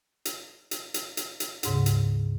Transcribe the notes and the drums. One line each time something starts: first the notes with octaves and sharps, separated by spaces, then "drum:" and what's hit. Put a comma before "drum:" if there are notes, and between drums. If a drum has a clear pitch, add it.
drum: hi-hat
drum: hi-hat
drum: hi-hat
drum: hi-hat
drum: hi-hat
D2 G#2 C#3, drum: hi-hat
drum: hi-hat